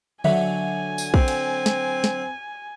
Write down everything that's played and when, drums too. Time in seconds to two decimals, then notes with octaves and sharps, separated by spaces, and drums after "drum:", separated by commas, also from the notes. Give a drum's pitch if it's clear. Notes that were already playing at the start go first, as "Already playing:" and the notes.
0.24 D3 F#3 E5 G#5, drum: tom D3
0.98 drum: tambourine
1.14 C4, drum: kick
1.28 drum: cymbal
1.66 drum: snare
2.04 drum: snare